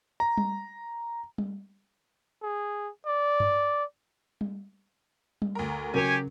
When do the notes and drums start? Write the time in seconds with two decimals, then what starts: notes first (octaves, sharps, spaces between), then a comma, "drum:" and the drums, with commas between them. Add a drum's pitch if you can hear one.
0.20 A#5
0.37 drum: tom G3
1.38 drum: tom G3
2.43 G#4
3.06 D5
3.40 drum: tom G2
4.41 drum: tom G3
5.42 drum: tom G3
5.55 D2 A#4
5.94 C#3 F#3 G4 A#4 C#5 G#5